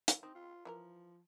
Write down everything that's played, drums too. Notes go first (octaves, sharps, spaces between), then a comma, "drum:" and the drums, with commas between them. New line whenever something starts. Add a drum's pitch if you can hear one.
drum: hi-hat
C4 D#4
F4
E3 F3 E4 A#4